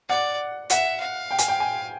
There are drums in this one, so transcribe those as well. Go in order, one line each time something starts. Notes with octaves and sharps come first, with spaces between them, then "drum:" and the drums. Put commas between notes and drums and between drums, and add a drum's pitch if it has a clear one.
D5 F#5
E5 F#5, drum: hi-hat
F5
G5
G#5, drum: hi-hat
G5
G#5